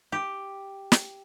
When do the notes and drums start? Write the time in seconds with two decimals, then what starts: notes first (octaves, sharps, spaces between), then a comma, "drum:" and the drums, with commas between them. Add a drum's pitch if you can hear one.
0.12 G4
0.92 drum: snare